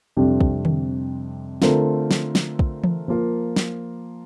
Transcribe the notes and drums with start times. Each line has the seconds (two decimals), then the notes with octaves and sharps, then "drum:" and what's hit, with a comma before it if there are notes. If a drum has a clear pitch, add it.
0.17 F2 C3 G3 D4
0.41 drum: kick
0.65 drum: tom D3
1.62 D3 A3 C4 F4 A#4, drum: snare
2.11 drum: snare
2.35 drum: snare
2.59 drum: kick
2.84 drum: tom E3
3.08 F3 A#3 F4 A#4
3.56 drum: snare